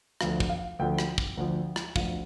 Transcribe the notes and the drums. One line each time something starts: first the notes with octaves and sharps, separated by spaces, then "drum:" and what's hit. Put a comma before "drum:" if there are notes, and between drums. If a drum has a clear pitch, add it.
D2 D3 F3 F5, drum: rim click
drum: kick
F5
D2 D3 F3 G5
drum: rim click
drum: kick
D2 D3 F3
drum: rim click
D2 D3 F3 F5, drum: kick